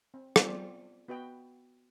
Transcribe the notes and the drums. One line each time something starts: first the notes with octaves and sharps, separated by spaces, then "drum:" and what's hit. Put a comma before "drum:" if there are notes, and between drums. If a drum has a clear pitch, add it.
C4
B3 C4 F4 D5 G#5, drum: rim click
C5 D5
B3 F#4 B4 D#5 G5